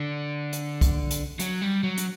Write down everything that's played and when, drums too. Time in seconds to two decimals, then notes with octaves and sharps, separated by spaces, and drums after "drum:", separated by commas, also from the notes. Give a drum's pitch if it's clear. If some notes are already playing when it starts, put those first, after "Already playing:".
Already playing: D3
0.52 drum: hi-hat
0.81 drum: kick C2, hi-hat
1.10 drum: hi-hat
1.39 F#3, drum: hi-hat
1.62 G3
1.83 F#3
1.97 drum: hi-hat